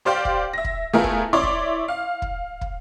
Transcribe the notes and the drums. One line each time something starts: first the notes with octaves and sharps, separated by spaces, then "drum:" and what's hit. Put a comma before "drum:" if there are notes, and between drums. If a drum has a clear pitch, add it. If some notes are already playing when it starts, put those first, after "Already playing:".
G4 C5 D5 F5 G5 C6
drum: kick
E5 A#6
drum: kick
A3 B3 E4 F4 G#4 A#4
drum: kick
E4 C#5 D5 E5 C6 D6
drum: kick
F5
drum: kick
drum: kick